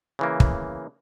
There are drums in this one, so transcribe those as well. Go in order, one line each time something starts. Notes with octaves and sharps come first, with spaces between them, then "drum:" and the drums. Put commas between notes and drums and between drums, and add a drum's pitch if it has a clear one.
C#3 E3 A#3
drum: kick